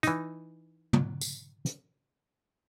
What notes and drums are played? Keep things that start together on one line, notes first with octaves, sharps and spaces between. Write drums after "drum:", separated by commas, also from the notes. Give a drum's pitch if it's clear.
E3 D#4, drum: hi-hat
drum: tom
drum: tambourine
drum: hi-hat